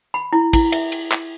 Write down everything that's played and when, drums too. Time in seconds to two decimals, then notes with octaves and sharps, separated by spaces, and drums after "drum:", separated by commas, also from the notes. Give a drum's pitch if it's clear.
0.14 B5
0.33 E4
0.53 E4, drum: kick, cymbal
0.72 E5, drum: cymbal
0.92 drum: cymbal
1.12 drum: clap